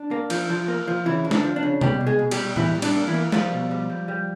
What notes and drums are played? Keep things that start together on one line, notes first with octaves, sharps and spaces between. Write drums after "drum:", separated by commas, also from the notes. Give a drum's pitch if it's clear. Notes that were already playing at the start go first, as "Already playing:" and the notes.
Already playing: D4
A#3
F3, drum: cymbal
F3
A#3
F3
C#3 E3 E4
D2
D4, drum: snare
F3
D4
C#3
B2 G3 G4, drum: tom C3
B2
G#3 G#4
B2
G3 G4, drum: cymbal
B2
E3 G3 E4, drum: tom A2
G3
D4, drum: cymbal
A#3
E3 E4
A#3
F3 G3 F4, drum: snare
B2
G3
G3
G3